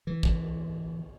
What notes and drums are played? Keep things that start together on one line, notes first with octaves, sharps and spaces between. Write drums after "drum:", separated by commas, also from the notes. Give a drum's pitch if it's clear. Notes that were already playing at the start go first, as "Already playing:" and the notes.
E3
drum: kick